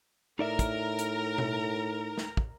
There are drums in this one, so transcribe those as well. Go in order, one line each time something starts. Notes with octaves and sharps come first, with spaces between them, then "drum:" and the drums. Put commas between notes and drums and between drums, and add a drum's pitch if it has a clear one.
A2 D#4 A#4 D5 E5 A#5
drum: kick, hi-hat
drum: hi-hat
drum: tom B2
drum: snare
drum: kick